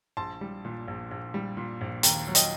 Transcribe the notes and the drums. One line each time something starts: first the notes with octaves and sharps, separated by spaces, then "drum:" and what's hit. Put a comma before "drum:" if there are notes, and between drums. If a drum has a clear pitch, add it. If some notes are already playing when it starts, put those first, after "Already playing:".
A#1 A5 C6
G3
A#2
A#1
A#1
G3
A#2
A#1
D#2 G5 A#5, drum: hi-hat
F#3
D#5 G5, drum: hi-hat